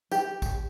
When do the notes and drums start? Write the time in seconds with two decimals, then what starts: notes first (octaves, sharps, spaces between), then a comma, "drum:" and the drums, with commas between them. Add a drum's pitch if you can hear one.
0.12 G4, drum: tambourine
0.42 drum: kick, tambourine